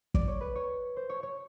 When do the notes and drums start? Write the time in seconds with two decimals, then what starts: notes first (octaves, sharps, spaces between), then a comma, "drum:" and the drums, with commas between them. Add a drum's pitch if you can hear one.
0.14 D5, drum: kick
0.28 C#5
0.41 B4
0.55 C#5
0.96 C5
1.09 C#5
1.23 C#5